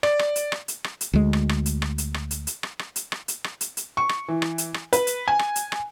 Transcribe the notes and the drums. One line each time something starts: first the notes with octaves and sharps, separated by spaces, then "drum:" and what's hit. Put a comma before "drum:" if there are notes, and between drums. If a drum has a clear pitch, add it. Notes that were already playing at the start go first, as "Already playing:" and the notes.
D5, drum: rim click
drum: rim click
drum: hi-hat
drum: rim click
drum: hi-hat
drum: rim click
drum: hi-hat
D2 G#3
drum: rim click
drum: rim click
drum: hi-hat
drum: rim click
drum: hi-hat
drum: rim click
drum: hi-hat
drum: hi-hat
drum: rim click
drum: rim click
drum: hi-hat
drum: rim click
drum: hi-hat
drum: rim click
drum: hi-hat
drum: hi-hat
C#6
drum: rim click
E3
drum: rim click
drum: hi-hat
drum: rim click
B4, drum: hi-hat
drum: hi-hat
G#5
drum: rim click
drum: hi-hat
drum: rim click